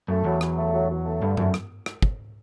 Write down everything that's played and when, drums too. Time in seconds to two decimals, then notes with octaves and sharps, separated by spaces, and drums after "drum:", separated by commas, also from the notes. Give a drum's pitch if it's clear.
0.08 F#2 A3
0.24 E2 F#3
0.41 F#3, drum: rim click
0.57 A3
0.73 F#3
0.89 F#3
1.05 A3
1.21 G2 D3
1.37 F#2 A3, drum: tom G2
1.54 drum: rim click
1.86 drum: rim click
2.02 drum: kick